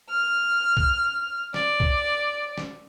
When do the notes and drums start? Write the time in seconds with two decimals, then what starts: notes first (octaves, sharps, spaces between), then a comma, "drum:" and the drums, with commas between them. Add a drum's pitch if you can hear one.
0.10 F6
0.77 drum: kick B1
1.54 D5, drum: snare
1.80 drum: kick B1
2.58 drum: snare